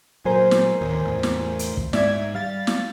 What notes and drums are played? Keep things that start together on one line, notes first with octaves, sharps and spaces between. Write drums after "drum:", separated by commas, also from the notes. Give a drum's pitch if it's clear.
A#2 F#3 A#4 C5 G#5
drum: snare
D1 D#2
E2 A2
drum: snare
drum: hi-hat
drum: kick
G#2 D5 E5 G#6, drum: snare
G3 F5 A6
drum: snare